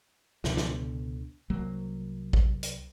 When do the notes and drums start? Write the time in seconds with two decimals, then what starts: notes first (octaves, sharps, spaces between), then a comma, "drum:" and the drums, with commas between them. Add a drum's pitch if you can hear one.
0.44 C#2 B2 D3, drum: snare
0.57 drum: snare
1.50 C2 F#3 A#3
2.33 drum: kick A1
2.63 drum: hi-hat